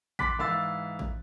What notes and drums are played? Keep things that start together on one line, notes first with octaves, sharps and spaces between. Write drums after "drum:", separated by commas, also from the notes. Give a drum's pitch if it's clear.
B5 C6 D6 F#6 A6 B6, drum: kick A1
G#2 E3 F5 B5 E6 A6
drum: kick A1